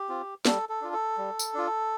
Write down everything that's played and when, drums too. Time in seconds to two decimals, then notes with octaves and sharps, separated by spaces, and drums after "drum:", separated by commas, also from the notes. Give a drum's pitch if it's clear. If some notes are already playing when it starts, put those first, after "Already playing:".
Already playing: G4
0.09 C4 F4
0.45 G3 A4, drum: snare
0.69 A4
0.81 D4 F4
0.93 A4
1.18 G3
1.39 drum: tambourine
1.54 D4 F4